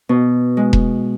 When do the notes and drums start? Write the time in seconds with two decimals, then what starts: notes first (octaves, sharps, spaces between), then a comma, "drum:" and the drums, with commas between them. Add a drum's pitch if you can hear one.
0.09 B2 B3
0.57 G#3
0.73 drum: kick E1